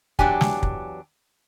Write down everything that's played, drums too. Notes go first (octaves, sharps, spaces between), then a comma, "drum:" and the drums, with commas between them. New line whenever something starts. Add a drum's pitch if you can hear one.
E2 F#3 D4 G4 G#5, drum: kick
drum: snare
drum: kick